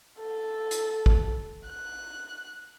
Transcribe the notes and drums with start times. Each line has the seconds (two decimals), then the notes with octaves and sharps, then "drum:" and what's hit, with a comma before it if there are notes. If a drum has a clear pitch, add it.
0.20 A4
0.71 drum: hi-hat
1.06 drum: kick
1.68 F#6